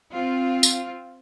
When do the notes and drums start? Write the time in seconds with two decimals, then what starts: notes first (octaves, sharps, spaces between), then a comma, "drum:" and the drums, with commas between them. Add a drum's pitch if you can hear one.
0.14 C4 F4
0.63 drum: tambourine